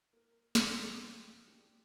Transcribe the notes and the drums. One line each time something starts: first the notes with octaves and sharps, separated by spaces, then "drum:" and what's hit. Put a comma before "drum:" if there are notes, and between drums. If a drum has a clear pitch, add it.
A#3 A#4
E3 G#3 D#4 G4 C5, drum: snare
B4 C#5 G5
F2 C#4 G#4 C6 C#6
D4 G4